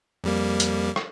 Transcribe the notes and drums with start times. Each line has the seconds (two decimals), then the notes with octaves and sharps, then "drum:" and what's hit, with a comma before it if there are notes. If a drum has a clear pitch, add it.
0.24 F2 G3 A#3
0.60 drum: hi-hat
0.96 drum: rim click